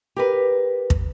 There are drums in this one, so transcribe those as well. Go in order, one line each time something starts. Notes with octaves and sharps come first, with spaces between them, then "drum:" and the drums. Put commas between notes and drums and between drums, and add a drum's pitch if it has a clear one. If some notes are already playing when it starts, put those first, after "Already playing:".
G4 A#4 B4
drum: kick